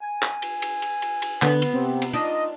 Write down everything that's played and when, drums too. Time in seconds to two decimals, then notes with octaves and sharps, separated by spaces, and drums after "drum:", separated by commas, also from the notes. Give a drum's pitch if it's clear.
0.01 G#5
0.22 drum: clap
0.42 drum: cymbal
0.62 drum: cymbal
0.82 drum: cymbal
1.02 drum: cymbal
1.22 drum: cymbal
1.42 D3 B3, drum: clap
1.62 drum: cymbal
1.74 C3 C4
2.02 drum: cymbal
2.14 D4 D#4 F4 D#5